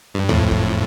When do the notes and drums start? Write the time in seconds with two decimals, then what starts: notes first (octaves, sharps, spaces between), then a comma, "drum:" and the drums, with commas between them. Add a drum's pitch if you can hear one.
0.14 G2
0.29 F2 A2, drum: tom D2
0.51 drum: kick